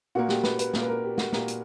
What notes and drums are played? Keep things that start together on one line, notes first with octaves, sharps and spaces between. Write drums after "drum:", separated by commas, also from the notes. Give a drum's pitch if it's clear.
A#2 A#3 F#4
G4, drum: snare
B4, drum: snare
B4, drum: hi-hat
A#2 A#3 A#4, drum: snare
B4
A#4
G4
F#4, drum: snare
A#2 A#3 G4, drum: snare
drum: hi-hat